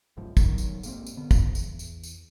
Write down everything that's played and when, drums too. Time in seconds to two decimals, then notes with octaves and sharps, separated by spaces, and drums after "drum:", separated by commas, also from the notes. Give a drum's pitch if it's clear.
0.17 F#1 C#2 G#2 F3
0.37 F#2 D#3, drum: kick, tambourine
0.58 drum: tambourine
0.83 G#2 A#3 C4, drum: tambourine
1.07 drum: tambourine
1.17 D3 B3
1.31 drum: kick, tambourine
1.55 E2, drum: tambourine
1.79 drum: tambourine
2.03 drum: tambourine